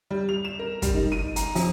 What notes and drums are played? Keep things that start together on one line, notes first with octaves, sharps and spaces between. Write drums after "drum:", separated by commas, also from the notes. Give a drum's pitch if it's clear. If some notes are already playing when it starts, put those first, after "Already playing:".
G3
F7
E7
A#4
G3, drum: kick, hi-hat
D#4
D#7
A#5, drum: hi-hat
F2, drum: open hi-hat